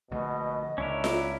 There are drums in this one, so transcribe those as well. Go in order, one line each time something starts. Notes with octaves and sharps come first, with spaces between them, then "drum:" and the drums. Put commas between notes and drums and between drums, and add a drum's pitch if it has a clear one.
A#1 B2 D3 A3 D#5
C#2 C#4 D4 E4 A#4
drum: snare F4